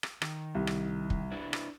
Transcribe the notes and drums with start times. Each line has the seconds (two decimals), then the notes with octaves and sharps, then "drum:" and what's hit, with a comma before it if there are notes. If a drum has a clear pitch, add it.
0.03 drum: rim click
0.22 D#3, drum: rim click
0.55 C2
0.67 drum: rim click
1.10 drum: kick
1.31 D4 E4 B4
1.53 drum: rim click